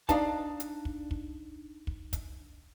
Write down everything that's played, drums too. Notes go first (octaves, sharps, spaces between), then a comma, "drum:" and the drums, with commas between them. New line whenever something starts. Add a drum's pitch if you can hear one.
D4 D#4 F5 A5, drum: kick, hi-hat
drum: hi-hat
drum: kick
drum: kick
drum: kick
drum: kick, hi-hat